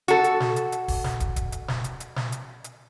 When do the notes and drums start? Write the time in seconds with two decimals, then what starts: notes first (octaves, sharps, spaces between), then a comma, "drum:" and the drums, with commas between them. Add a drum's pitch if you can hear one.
0.08 F#4 A4, drum: hi-hat
0.24 drum: hi-hat
0.40 drum: snare
0.56 drum: hi-hat
0.72 drum: hi-hat
0.88 drum: kick, open hi-hat
1.04 drum: snare
1.20 drum: kick, hi-hat
1.36 drum: kick, hi-hat
1.52 drum: hi-hat
1.68 drum: snare
1.84 drum: hi-hat
2.00 drum: hi-hat
2.16 drum: snare
2.32 drum: hi-hat
2.64 drum: hi-hat